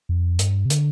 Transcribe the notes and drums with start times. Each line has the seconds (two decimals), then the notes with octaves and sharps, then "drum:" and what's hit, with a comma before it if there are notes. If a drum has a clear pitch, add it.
0.09 F2
0.39 G2, drum: hi-hat
0.65 C3
0.70 D3, drum: hi-hat